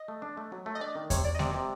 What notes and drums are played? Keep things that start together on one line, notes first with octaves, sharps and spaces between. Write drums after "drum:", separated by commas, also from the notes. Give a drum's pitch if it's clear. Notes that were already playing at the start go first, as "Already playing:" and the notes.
Already playing: D#5
A3
D4
A3
F#3
A3
D#5
D4 D5
D#3
C3 C#5, drum: kick E2, hi-hat
C3 D5
D#5
C3 D5, drum: snare G#3
C3